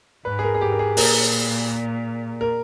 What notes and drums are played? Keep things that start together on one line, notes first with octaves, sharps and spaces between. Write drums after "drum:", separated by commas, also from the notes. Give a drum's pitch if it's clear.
G#2 B4
G#4
A#4
G#4
G#2 G4
A#4
G#4
A#2 A#4, drum: open hi-hat
A#4